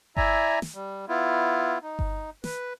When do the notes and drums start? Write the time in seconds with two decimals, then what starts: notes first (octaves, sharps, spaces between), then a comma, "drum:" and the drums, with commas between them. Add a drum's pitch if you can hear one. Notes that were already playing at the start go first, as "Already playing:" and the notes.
0.17 E4 D5 E5 G#5 A#5, drum: kick G1
0.62 drum: snare
0.74 G3
1.09 B3 E4 F4
1.82 D#4
1.99 drum: kick G1
2.44 B4, drum: snare